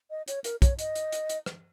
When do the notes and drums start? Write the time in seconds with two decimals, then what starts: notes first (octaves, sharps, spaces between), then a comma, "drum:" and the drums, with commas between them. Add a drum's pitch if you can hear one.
0.11 D#5
0.28 C#5, drum: hi-hat
0.44 A#4, drum: hi-hat
0.62 C#5, drum: kick, hi-hat
0.79 D#5, drum: hi-hat
0.95 drum: hi-hat
1.12 drum: hi-hat
1.29 drum: hi-hat
1.46 drum: rim click